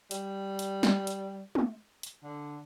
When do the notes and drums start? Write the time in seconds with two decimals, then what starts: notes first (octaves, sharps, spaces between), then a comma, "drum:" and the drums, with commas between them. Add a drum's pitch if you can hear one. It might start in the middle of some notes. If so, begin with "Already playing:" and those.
0.11 G3, drum: hi-hat
0.59 drum: hi-hat
0.83 drum: snare
1.07 drum: hi-hat
1.55 drum: tom
2.03 drum: hi-hat
2.23 D3